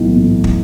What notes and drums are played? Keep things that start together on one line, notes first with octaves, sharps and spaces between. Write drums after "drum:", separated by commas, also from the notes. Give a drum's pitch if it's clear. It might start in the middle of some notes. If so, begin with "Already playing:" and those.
Already playing: B1 A2 E3 A3
A2 E3
drum: kick